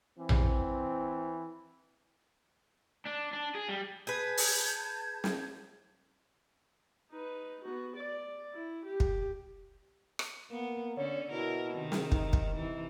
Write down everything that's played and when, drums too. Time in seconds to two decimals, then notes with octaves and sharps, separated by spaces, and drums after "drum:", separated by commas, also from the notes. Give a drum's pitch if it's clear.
0.18 E3 C4
0.29 drum: tom A#1
3.06 D4
3.33 D4
3.55 G#4
3.69 G3
4.07 G#4 B4 A5 G6 G#6
4.37 drum: open hi-hat
5.24 drum: snare
7.12 D#4 B4
7.64 B3 F#4
7.96 D5
8.53 E4
8.85 G4
9.00 drum: kick
10.19 drum: rim click
10.51 A#3 B3
10.97 D3 C#4 C#5
11.31 B2 E4 A#4
11.73 C3 D#3
11.92 drum: snare
12.12 D#4, drum: kick
12.33 drum: kick
12.54 C3 E3